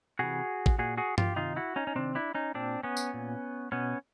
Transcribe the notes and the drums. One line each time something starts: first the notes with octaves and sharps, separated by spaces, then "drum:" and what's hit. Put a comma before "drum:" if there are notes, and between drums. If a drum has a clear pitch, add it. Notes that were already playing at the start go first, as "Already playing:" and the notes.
C3 E3 F#4 G#4
drum: kick A1
A#2 F#4 G#4
F#4 G#4
F4 G4, drum: tom G2
C3 D#3 D#4 F4
E4 F#4
C#4 D#4
C#4
C3 D#3 C4 D4
D4 E4
C#4 D#4
A#2 C4 D4
B3 C#4
drum: tambourine
A#2
B2 B3 C#4